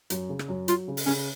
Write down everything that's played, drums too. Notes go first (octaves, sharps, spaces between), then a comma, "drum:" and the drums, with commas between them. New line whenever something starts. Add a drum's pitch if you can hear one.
F#2, drum: hi-hat
C#3
drum: rim click
F#2
F#3 F4, drum: hi-hat
C#3
drum: open hi-hat
C#3 C#4